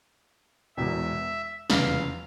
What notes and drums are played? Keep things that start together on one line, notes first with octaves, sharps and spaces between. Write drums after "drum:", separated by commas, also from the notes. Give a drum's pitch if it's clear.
E1 E2 B2 E5
F1 E2 C#3 F5, drum: snare